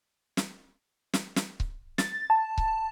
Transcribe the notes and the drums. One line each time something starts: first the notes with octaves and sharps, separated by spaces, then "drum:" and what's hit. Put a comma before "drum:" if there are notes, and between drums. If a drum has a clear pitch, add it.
drum: snare
drum: snare
drum: snare
drum: kick C#1
A6, drum: snare
A5
drum: kick C#1